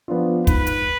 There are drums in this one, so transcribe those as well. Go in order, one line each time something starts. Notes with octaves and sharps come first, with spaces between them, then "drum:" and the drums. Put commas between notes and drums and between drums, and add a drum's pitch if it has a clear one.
F3 B3 D4 F4
G#2 B4, drum: kick, hi-hat
drum: hi-hat